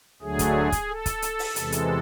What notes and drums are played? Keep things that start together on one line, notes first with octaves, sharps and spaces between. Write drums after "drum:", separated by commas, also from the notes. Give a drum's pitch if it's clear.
D2 D3 F#3 A3 G#4
drum: kick, hi-hat
drum: kick, hi-hat
A4
drum: kick, hi-hat
drum: hi-hat
drum: open hi-hat
E2 C3 E3 G#3, drum: hi-hat
drum: hi-hat